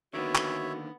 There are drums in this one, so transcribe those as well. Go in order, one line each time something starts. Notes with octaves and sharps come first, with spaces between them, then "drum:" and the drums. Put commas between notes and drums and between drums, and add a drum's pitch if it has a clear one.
D3 D#3 A#3 B3 F#4 C#5 E5
drum: clap